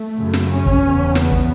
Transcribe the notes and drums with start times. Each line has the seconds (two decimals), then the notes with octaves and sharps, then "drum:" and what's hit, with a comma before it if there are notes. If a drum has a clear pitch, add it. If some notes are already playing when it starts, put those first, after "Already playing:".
Already playing: A3
0.17 F#2 C#3
0.33 drum: snare
0.50 C#4
0.66 drum: kick
0.82 E2 C#3
1.15 B3, drum: snare
1.31 drum: kick